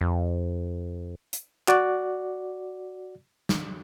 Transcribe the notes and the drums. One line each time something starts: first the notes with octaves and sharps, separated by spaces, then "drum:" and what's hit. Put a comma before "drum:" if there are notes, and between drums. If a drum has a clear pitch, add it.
F2
drum: hi-hat
F#4 D5, drum: clap
drum: snare